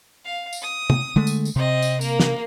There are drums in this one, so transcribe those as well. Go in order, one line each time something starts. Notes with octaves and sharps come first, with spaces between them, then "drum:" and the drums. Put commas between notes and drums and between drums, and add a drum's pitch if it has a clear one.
F5
drum: tambourine
D#6
drum: tom
D3 G#3 A3
drum: tambourine
drum: tambourine
C3 C4 D#5
drum: tambourine
A#3 A#4, drum: tambourine
drum: snare